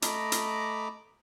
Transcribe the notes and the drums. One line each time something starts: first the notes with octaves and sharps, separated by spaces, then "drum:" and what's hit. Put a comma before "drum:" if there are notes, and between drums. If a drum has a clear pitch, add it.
A3 D#5 A#5 B5 D6, drum: hi-hat
drum: hi-hat